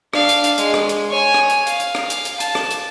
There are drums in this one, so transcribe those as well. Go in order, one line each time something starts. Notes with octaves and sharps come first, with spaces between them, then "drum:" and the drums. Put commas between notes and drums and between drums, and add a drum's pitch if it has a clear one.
D4 F5, drum: rim click
drum: hi-hat
drum: hi-hat
G#3, drum: hi-hat
drum: rim click
drum: hi-hat
C#5 G#5
drum: rim click
drum: hi-hat
F5, drum: hi-hat
drum: hi-hat
drum: rim click
drum: hi-hat
drum: hi-hat
A5, drum: hi-hat
drum: rim click
drum: hi-hat